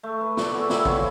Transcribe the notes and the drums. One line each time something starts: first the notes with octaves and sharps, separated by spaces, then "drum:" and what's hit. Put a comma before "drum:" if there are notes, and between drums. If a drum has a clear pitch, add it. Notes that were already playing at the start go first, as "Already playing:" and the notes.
A3
B4
A3 B4 D5 D6, drum: snare
F#4 G#4 A4
G3 E4 E5, drum: snare
F3 F#3 C#5, drum: kick